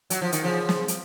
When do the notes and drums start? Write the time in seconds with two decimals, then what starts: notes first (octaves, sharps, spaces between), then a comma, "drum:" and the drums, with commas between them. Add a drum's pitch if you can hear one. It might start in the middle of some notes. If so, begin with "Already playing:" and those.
0.10 F#3, drum: hi-hat
0.22 F3
0.32 D#3, drum: hi-hat
0.43 C#3 F3
0.69 drum: snare
0.88 drum: hi-hat